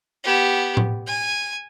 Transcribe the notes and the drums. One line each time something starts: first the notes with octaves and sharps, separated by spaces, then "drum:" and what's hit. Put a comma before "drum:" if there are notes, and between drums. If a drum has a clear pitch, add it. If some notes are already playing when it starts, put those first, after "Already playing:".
B3 G4
drum: tom A2
G#5